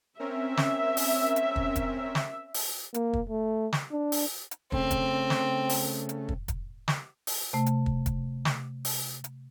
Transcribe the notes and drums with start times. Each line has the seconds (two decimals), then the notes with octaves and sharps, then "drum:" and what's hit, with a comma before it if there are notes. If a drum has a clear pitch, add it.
0.19 C4 C#4 A#4 E5
0.57 drum: snare
0.97 drum: open hi-hat
1.36 drum: hi-hat
1.56 drum: kick
1.76 drum: kick, hi-hat
2.15 drum: snare
2.54 drum: open hi-hat
2.94 A#3, drum: hi-hat
3.13 drum: kick
3.30 A3
3.72 drum: snare
3.92 D4
4.12 drum: open hi-hat
4.51 drum: hi-hat
4.72 C#3 A3 C4, drum: kick
4.91 drum: kick, hi-hat
5.30 drum: snare
5.69 drum: open hi-hat
6.09 drum: hi-hat
6.29 drum: kick
6.48 drum: kick, hi-hat
6.88 drum: snare
7.27 drum: open hi-hat
7.53 C3 A3
7.66 drum: hi-hat
7.86 drum: kick
8.06 drum: kick, hi-hat
8.45 drum: snare
8.85 drum: open hi-hat
9.24 drum: hi-hat